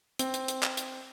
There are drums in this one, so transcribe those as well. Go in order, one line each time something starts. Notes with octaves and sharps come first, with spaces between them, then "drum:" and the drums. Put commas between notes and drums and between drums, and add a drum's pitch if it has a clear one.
C4, drum: hi-hat
drum: hi-hat
drum: hi-hat
drum: clap
drum: hi-hat